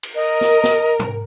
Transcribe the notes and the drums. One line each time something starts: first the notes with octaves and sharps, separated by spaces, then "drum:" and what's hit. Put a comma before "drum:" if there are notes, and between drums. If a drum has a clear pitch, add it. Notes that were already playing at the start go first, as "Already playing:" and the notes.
drum: cymbal
A#4 D#5
drum: snare
drum: snare
drum: tom G#2